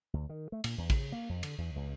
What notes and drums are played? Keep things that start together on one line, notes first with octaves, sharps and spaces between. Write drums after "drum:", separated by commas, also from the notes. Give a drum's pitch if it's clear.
D2
D#3
A3
A#2, drum: cymbal
E2
C#3, drum: kick A1, cymbal
A#3
F2
D3, drum: cymbal
E2
C#2